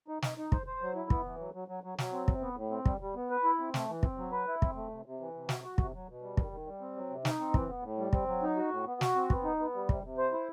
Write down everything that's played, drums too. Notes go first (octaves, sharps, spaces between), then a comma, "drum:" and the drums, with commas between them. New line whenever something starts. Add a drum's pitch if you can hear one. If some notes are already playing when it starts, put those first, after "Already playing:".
D#4
D#4, drum: snare
D#4
C5, drum: kick
C5
F#3
E4
B3, drum: kick
E3
F#3
F#3
F#3
F#3
F#3, drum: snare
C4
C3, drum: kick
B3
A2
C4
G3, drum: kick
G3
B3
B4
E4
C4
A3, drum: snare
E3
C4, drum: kick
F#3
B4
E4
C4, drum: kick
A3
C3
C3
E3
C3
F#4, drum: snare
F#4
C3, drum: kick
F#3
B2
G3
D#3, drum: kick
D#3
G3
C4
F#3
C3
D#4, drum: snare
C4
E3, drum: kick
B3
A2
G3
C4, drum: kick
F#3
D#4
F#4
A2
B3
F#4, drum: snare
C4
B3, drum: kick
D#4
B3
G3
C3, drum: kick
C3
C5
E4